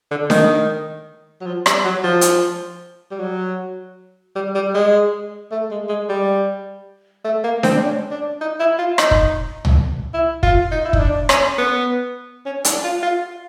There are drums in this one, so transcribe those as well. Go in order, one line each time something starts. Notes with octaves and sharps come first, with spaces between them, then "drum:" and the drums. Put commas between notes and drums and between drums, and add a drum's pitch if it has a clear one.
D3
D#3, drum: snare D4
F#3
F3
G3, drum: rim click
F#3
F3
drum: hi-hat
G3
F#3
G3
G3
G#3
A3
G#3
G#3
G3
A3
A#3
C4, drum: snare D4
D4
C#4
D4
D#4
E4
F4
D#4, drum: rim click
drum: kick
drum: tom
E4
F4, drum: kick
D#4
E4
D#4, drum: kick
D4
C#4, drum: rim click
B3
C#4
D4, drum: hi-hat
F4
F4